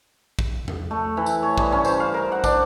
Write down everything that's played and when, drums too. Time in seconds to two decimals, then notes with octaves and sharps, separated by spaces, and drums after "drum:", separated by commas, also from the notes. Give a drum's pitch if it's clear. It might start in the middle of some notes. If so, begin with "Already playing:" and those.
0.39 drum: kick
0.68 drum: tom E2
0.91 A3
1.17 E3
1.26 drum: tambourine
1.43 C#5
1.58 G2, drum: kick
1.72 C#4
1.85 C5, drum: tambourine
2.00 F5
2.14 A#4
2.32 F#5
2.44 D4, drum: kick, tambourine